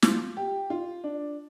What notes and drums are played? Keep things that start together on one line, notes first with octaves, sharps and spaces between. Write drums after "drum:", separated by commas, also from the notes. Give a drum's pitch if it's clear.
F4, drum: snare
G4
F4
D4